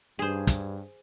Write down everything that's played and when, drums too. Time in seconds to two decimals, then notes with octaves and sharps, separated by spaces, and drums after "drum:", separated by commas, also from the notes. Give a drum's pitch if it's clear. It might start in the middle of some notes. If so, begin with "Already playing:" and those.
0.19 G2 G#4 C5
0.47 drum: kick, hi-hat